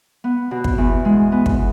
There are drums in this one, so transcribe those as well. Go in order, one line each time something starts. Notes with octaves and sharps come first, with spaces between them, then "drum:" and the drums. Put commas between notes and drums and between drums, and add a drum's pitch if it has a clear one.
B3
B2
drum: kick
E2
G#3
B3
drum: kick